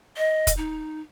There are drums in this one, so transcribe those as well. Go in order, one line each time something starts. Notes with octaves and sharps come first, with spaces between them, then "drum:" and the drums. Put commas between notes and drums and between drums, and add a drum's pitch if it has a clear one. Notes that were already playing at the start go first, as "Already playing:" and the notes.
D#5
drum: kick, hi-hat
D#4